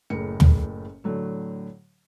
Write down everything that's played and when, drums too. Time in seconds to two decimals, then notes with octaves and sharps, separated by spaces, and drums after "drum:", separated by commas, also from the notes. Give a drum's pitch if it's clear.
0.10 F#1 A2 C#3 A#4 C#7
0.40 drum: tom
1.04 A2 D3 F#3 A3